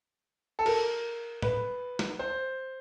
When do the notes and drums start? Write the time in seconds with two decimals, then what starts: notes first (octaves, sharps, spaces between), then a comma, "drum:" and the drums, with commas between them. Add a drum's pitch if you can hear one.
0.59 A4
0.66 A#4, drum: cymbal
1.42 B4, drum: tom
1.99 drum: snare
2.19 C5